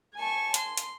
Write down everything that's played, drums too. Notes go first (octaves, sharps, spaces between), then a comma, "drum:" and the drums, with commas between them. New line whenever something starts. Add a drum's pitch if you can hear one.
G#5 A5 C#6
C6, drum: hi-hat
drum: hi-hat